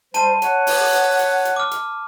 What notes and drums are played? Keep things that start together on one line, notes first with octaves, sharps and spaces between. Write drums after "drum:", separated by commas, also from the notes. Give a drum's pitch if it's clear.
G3 C5 A5 D#7, drum: hi-hat
C#5 F#5, drum: hi-hat
drum: open hi-hat
drum: hi-hat
drum: hi-hat
drum: hi-hat
D6 F6
drum: hi-hat